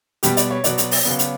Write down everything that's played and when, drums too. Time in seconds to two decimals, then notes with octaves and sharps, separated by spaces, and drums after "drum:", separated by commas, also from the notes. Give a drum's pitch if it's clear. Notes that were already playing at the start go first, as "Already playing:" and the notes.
0.23 B2 G3 B3 G4, drum: hi-hat
0.37 D5, drum: hi-hat
0.50 C#5
0.64 B2 F#3 B3 D5, drum: hi-hat
0.78 drum: hi-hat
0.91 drum: open hi-hat
1.05 C#3 F#3 B3
1.19 drum: hi-hat